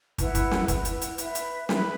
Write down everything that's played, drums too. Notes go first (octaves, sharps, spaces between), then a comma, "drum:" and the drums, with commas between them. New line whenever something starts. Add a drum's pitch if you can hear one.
E4 B4 F#5, drum: kick, hi-hat
drum: kick, hi-hat
drum: snare
E4 B4 F#5, drum: kick, hi-hat
drum: hi-hat
drum: hi-hat
B4 E5 B5, drum: hi-hat
drum: hi-hat
B4 E5 B5, drum: snare